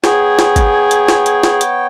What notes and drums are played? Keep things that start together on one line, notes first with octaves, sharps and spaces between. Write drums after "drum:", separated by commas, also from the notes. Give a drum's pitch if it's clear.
B3 G#4 C#5 G5, drum: snare
drum: snare
drum: kick, hi-hat
drum: hi-hat
drum: snare
drum: hi-hat
drum: snare
drum: hi-hat